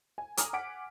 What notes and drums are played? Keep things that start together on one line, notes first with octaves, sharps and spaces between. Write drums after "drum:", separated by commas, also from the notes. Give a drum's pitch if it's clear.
G#5
G#5 A#5 D6 D#6 F6, drum: hi-hat
F#5 G#5 D6 B6 D7